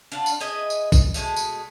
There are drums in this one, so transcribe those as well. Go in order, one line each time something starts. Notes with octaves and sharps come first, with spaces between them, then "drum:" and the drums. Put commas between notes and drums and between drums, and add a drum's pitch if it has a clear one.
D4 F4 F#5
drum: tambourine
G#4 B4 D#5 E5
drum: tambourine
drum: kick, tambourine
B2 D#3 G#3 A3, drum: tambourine
drum: tambourine